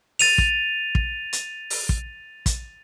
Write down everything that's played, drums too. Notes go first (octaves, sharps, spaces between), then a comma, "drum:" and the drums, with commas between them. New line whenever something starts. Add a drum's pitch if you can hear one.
A6 D#7 F7, drum: open hi-hat
drum: kick
drum: kick
drum: hi-hat
drum: open hi-hat
drum: kick
drum: kick, hi-hat